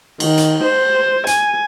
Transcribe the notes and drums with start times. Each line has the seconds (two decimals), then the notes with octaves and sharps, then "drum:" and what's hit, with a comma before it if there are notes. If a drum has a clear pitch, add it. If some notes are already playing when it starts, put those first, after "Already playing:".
0.20 D#3, drum: cymbal
0.37 drum: hi-hat
0.64 C5
1.27 G#5, drum: hi-hat